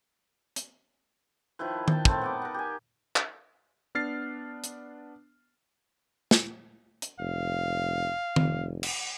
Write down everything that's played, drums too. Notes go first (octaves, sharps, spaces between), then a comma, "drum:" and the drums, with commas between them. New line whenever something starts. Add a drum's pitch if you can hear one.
drum: hi-hat
D#3 F3 E4 B4
G5 A5, drum: tom D#3
A2 C4 A5 B5, drum: kick
B3 D#4 D6
A#4 F#5
G4 G#5
drum: clap
B3 D4 F6 A6 C7
drum: hi-hat
drum: snare
drum: hi-hat
F1 F5
F1, drum: tom D#3
drum: cymbal